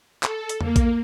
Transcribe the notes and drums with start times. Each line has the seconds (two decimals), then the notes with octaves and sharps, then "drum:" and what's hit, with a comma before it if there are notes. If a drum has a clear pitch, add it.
0.23 A4, drum: clap
0.49 drum: hi-hat
0.61 A#3, drum: tom E2
0.76 drum: kick A#1, hi-hat